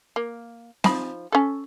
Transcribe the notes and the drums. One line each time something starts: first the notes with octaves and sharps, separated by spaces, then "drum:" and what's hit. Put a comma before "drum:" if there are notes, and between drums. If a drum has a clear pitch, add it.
A#3
F3 D#4 B5, drum: snare C4
C#4 A4